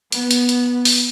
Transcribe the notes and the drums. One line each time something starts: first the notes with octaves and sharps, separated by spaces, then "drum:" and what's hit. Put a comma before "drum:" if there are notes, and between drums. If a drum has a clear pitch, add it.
B3, drum: hi-hat
drum: hi-hat
drum: hi-hat
drum: open hi-hat